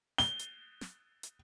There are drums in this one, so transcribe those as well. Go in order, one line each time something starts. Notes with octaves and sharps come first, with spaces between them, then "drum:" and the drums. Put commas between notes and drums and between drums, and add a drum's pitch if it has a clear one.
G7, drum: snare
drum: hi-hat
drum: snare
drum: hi-hat